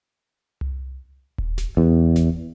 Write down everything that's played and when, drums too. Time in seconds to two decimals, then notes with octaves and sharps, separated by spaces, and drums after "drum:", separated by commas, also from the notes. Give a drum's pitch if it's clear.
0.61 drum: tom C2
1.38 drum: kick D#1
1.58 drum: snare F#1
1.77 E2
2.16 drum: snare F#1